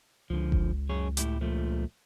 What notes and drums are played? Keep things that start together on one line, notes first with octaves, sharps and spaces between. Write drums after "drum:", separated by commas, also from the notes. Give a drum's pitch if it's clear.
C#2 D3 F3
drum: kick F#1
F#2 G#4 C#5
A2 E4 G4, drum: hi-hat
A#2 F3 A3